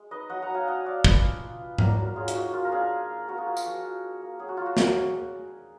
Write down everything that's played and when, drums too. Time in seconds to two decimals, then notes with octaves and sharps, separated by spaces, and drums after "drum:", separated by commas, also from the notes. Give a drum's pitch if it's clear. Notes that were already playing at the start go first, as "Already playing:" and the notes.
Already playing: G#3
0.11 D#4 B4 D#5
0.29 F#3 D#5 F#5
0.42 F#5 A#5
0.49 F#3
0.54 F5 G#5
0.67 D4 D#5 F#5
0.85 D4 D5 F5
1.05 F4 B4 D#5, drum: kick
1.24 D4
1.42 F4
1.60 F4
1.78 F#3 A#4 D5, drum: tom G#2
1.98 F#3
2.05 A#4
2.16 F#3 F4 G#4
2.28 F4, drum: hi-hat
2.34 D#4 F#4
2.53 A#3 F4
2.65 A#4
2.72 D4 F4 G#4
2.91 A#3
3.09 A#3
3.28 A#3 F#4 A#4
3.37 F4 G#4
3.47 A#3 F#4
3.57 F4, drum: tambourine
3.66 F3 F#4
3.84 F3
4.03 A#3
4.22 A#3
4.39 F#3 G#4
4.49 F#4
4.57 F#3 F4
4.66 F#4
4.77 A#3, drum: snare
4.96 A#3